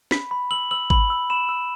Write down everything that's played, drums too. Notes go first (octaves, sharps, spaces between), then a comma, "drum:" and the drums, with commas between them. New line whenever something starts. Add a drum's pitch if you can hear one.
B5 B6, drum: snare
B5
E6 F#7
E6 F#7
B5 F#7, drum: kick G#1
E6
B5 E7
E6